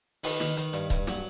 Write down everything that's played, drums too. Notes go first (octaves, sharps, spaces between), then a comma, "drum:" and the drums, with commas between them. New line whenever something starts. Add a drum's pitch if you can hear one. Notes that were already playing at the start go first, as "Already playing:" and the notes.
D#3 B4, drum: open hi-hat
D#3, drum: snare
D#3, drum: hi-hat
G2, drum: hi-hat
G2, drum: kick C#1, hi-hat
F#3, drum: snare